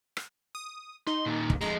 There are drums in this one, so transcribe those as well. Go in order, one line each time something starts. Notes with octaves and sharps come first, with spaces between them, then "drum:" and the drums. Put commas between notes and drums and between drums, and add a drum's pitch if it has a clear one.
drum: rim click
D#6
D#4 C6
A#2 D#3
drum: kick
F2 G#3 A#5